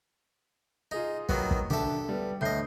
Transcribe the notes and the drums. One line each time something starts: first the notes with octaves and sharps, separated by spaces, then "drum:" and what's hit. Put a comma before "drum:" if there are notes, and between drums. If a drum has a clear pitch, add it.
D#4 F4 G#4 D#5
D#3 F#3 B3, drum: kick
drum: kick
D3 G4 A4 E5
G3 B3
D2 A2 D#5 G6 C7